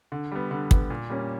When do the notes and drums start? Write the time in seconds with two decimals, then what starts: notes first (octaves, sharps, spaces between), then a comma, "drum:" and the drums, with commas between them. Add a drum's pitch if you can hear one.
0.12 D3
0.32 G3 B3
0.51 D3
0.71 G3 B3, drum: kick
0.90 A#2
1.10 G3 A#3 C#4